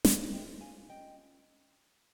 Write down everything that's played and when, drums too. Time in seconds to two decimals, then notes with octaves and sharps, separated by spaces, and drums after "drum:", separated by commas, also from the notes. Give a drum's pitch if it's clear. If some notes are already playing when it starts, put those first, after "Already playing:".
0.05 G2 G3 C#4 F4 D#5 G5, drum: snare
0.33 D#5 G5
0.61 F5 G#5
0.89 D#5 G5